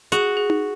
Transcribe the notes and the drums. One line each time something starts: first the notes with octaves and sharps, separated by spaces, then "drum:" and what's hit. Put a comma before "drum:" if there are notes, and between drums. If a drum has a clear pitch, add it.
F#4 G#4, drum: hi-hat
G#4
drum: tom D#4